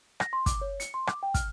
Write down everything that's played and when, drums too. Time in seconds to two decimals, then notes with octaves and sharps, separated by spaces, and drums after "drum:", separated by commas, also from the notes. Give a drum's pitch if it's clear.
0.20 A#6, drum: rim click
0.33 C6
0.46 D6, drum: kick, hi-hat
0.61 C#5
0.80 C#7, drum: hi-hat
0.94 C6
1.07 D6, drum: rim click
1.23 G5
1.34 F6, drum: kick, hi-hat